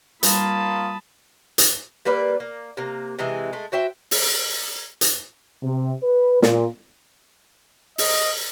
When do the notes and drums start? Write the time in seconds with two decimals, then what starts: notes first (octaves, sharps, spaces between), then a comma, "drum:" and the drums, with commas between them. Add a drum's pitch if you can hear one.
0.23 G3 A#3 F4 A5 B5 D#6, drum: hi-hat
1.58 drum: hi-hat
2.05 G3 A#3 B4 D5
2.40 A#3
2.77 C3 A#3
3.19 C3 E3 G#3 G#4
3.53 G#3 A3
3.72 F#4 C5 E5 G5
4.11 drum: open hi-hat
5.01 drum: hi-hat
5.62 C3
6.03 B4
6.42 A#2, drum: snare
7.98 D#5, drum: open hi-hat